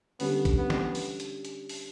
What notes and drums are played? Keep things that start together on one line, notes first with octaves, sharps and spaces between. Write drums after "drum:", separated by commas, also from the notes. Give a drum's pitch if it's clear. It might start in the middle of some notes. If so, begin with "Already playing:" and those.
D3 G3 B3 C#4, drum: open hi-hat
drum: kick A#1, hi-hat
B3
drum: snare
drum: open hi-hat
drum: hi-hat
drum: hi-hat
drum: open hi-hat